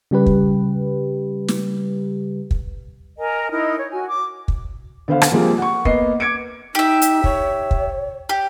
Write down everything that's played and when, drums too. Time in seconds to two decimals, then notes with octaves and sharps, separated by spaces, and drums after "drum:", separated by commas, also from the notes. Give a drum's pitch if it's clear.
0.11 C#3 G3 G4 B4
0.26 drum: kick
1.48 drum: snare
2.51 drum: kick
3.18 A#4 D#5 G#5 A#5
3.51 D#4 E4 A#4 D#5
3.79 C#5
3.92 F#4 G#5
4.07 D6
4.48 drum: kick
5.08 D3 B3 B4 C5 F5
5.22 drum: rim click
5.32 F3 G3 G#3 A#3 C4
5.58 F#5 C#6
5.85 A#3 B3 D#5 C7, drum: kick
6.20 D6 G#6 C#7 D7
6.75 D#4 G4 E5
7.02 drum: hi-hat
7.24 C#5, drum: kick
7.71 drum: kick
8.29 G4